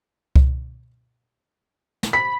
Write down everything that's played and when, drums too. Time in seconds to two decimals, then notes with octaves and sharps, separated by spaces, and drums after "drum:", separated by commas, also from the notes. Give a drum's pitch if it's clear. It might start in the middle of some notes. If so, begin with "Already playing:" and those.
0.36 drum: kick C2
2.03 drum: snare
2.13 B5 B6